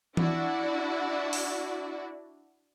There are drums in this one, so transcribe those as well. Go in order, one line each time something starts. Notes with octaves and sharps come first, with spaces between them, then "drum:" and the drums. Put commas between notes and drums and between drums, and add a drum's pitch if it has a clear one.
D4 E4 F#4 D5, drum: tom E3
drum: open hi-hat